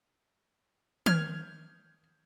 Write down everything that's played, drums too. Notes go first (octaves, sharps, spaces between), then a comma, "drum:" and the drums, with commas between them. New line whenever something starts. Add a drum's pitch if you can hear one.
F6 G6 G#6, drum: tom D#3